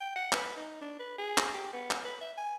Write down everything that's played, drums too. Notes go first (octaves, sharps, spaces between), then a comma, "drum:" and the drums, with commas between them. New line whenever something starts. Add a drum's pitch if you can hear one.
G5
F#5
B4, drum: clap
D#4
D4
B4
G#4
drum: clap
G4
B3
drum: clap
B4
E5
G#5